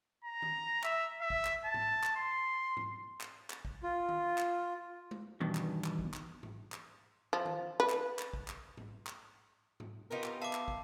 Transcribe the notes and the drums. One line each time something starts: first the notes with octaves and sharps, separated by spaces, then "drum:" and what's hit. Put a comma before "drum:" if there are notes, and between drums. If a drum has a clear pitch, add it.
A#5
drum: tom D#3
E5, drum: clap
E5
drum: kick
drum: clap
A5
drum: tom G#2
drum: clap
C6
drum: tom G#2
drum: clap
drum: clap
drum: kick
F4
drum: tom D#3
drum: clap
drum: tom G#3
E2 G2 B2 D#3
drum: clap
drum: clap
drum: kick
drum: clap
drum: tom G#2
drum: clap
F3
drum: tom D#3
B4
drum: clap
drum: clap
drum: kick
drum: clap
drum: tom G#2
drum: clap
drum: tom G#2
B3 D#4 F4 G4 A#4
drum: clap
E5 F5 A5 D6
drum: clap
drum: kick